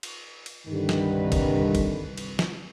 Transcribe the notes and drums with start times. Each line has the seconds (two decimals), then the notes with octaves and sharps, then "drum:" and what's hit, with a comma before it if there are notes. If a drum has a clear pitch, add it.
0.03 drum: cymbal
0.46 drum: cymbal
0.67 C2 G2 D3 D#3 B4
0.89 drum: snare
1.32 drum: kick, cymbal
1.75 drum: kick, cymbal
2.18 drum: cymbal
2.39 drum: snare